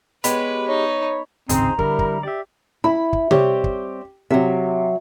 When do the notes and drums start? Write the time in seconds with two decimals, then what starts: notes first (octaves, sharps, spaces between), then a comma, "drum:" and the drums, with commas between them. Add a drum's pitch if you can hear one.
0.24 G#3 B3 G4 B4 C#5 B5, drum: hi-hat
0.68 D#4 C#5
1.49 D1 G#1 C#3 C4 D#4 G#4 C5 A#5, drum: hi-hat
1.78 D3 G3 E4 A#4, drum: kick
1.99 drum: kick
2.23 G4 D5 E5
2.84 E4 B5
3.13 drum: kick
3.31 G3 C4 G4 C#5, drum: tom C3
3.64 drum: kick
4.30 C3 F#3 E5